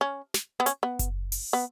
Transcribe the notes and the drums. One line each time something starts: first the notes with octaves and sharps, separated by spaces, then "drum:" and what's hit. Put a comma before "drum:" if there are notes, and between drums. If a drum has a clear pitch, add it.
C#4
drum: snare
B3
C#4, drum: hi-hat
B3
drum: kick F#1, hi-hat
drum: open hi-hat
B3